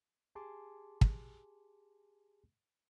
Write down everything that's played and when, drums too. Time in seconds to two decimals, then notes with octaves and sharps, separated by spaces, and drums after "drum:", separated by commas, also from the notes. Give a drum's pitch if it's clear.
0.35 G4 G#4 G#5 A5 C6 D6
1.01 drum: kick